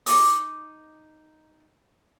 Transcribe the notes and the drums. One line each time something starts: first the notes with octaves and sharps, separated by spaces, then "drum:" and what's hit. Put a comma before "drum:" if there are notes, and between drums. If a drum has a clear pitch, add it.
D#4 C5 D6 D#6, drum: open hi-hat